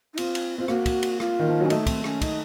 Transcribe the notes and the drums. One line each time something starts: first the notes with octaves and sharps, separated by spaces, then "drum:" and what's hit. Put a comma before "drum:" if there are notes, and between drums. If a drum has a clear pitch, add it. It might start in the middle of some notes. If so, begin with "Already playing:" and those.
D#4
C4 F4, drum: cymbal
drum: cymbal
C4 F4
A#3 F#4, drum: rim click
drum: kick, cymbal
drum: cymbal
F4, drum: rim click
D#3
F3
F#3 C#4
A3 D#4, drum: cymbal
C4, drum: kick, cymbal
C#4, drum: rim click
D#4, drum: kick, cymbal